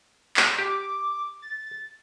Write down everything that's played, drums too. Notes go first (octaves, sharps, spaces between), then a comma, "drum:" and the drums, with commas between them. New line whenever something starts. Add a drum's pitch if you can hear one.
drum: clap
G4 D6
A6